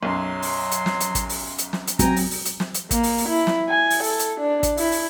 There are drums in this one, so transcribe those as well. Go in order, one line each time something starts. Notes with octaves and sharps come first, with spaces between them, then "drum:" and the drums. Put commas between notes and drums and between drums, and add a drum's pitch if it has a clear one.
B1 F#2 F#3 C6
drum: open hi-hat
drum: hi-hat
drum: snare
drum: hi-hat
drum: kick, hi-hat
drum: open hi-hat
drum: hi-hat
drum: snare
drum: hi-hat
F#3 C4 G5 G#5 A#5, drum: kick, hi-hat
drum: open hi-hat
drum: open hi-hat
drum: hi-hat
drum: snare
drum: hi-hat
A#3, drum: kick, hi-hat
drum: open hi-hat
drum: open hi-hat
E4
drum: snare
G#5
drum: open hi-hat
A4, drum: open hi-hat
drum: hi-hat
D4
drum: kick, hi-hat
E4, drum: open hi-hat
drum: open hi-hat